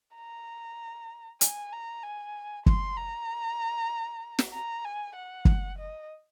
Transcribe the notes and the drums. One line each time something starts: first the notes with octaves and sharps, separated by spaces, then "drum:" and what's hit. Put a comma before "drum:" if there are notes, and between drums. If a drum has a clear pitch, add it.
A#5
G#5, drum: hi-hat
A#5
G#5
C6, drum: kick
A#5
drum: snare
A#5
G#5
F#5
drum: kick
D#5